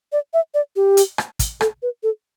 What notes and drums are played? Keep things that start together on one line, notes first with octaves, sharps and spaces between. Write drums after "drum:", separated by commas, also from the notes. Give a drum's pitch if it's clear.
D5
E5
D5
G4
drum: hi-hat
drum: rim click
drum: kick, hi-hat
A4, drum: rim click
B4
A4